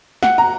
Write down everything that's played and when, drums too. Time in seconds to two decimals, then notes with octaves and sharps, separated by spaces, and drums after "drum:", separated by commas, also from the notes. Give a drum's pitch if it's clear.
0.23 F#5, drum: snare
0.38 A#5